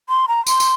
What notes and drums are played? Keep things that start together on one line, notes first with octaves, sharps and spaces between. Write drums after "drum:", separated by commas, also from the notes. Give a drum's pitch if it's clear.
C6
A#5
C6, drum: tambourine
drum: tambourine